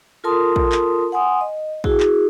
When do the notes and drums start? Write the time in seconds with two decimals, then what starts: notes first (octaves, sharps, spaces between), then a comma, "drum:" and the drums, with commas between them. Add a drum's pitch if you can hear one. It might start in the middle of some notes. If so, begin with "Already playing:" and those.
0.24 F4 A4 A#4 A5 C6 D#6
0.56 drum: kick
0.72 drum: clap
1.12 F#5 G#5 C6 D#6
1.41 D#5
1.84 E4 F#4 G#4, drum: kick
2.00 drum: clap